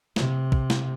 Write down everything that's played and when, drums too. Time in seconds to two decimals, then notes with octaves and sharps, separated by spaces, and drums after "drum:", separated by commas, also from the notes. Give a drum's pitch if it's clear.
0.16 C3, drum: snare
0.52 drum: kick
0.70 drum: snare